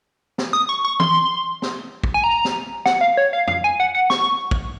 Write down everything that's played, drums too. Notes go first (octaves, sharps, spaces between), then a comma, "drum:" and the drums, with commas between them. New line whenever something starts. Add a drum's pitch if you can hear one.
drum: snare
D#6
C#6
C#6
C6, drum: tom E3
drum: snare
drum: kick
G#5
A#5
drum: snare
F#5, drum: snare
F5
C#5
F5
F5, drum: tom
G#5
F#5
F#5
C#6, drum: snare
drum: kick